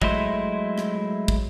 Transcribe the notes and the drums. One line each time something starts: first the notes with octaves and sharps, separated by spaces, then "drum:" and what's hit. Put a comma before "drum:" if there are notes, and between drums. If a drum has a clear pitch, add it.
F#3 G#3 A3 E4 C5, drum: kick
drum: rim click
drum: kick